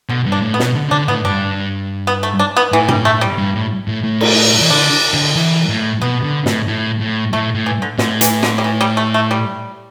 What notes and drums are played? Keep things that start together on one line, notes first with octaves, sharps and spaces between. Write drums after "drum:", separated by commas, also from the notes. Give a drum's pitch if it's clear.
B2 D3
G2
D4
A2
B3
B2, drum: snare
D3
D3 D4
A2 B3
G2 D4
B3
A3
D4
B3
A2 E3
G3, drum: tom G2
A3
G3
G2
A2
A2
A2
drum: cymbal
E3
D3 D4
D3
E3
A2
B2 B3
D3
A2, drum: snare
A2
A2
A2 A3
A2
E3
D3
A2 D3, drum: snare
E3, drum: hi-hat
D3, drum: snare
G3
E3
G3
A3
A3
G3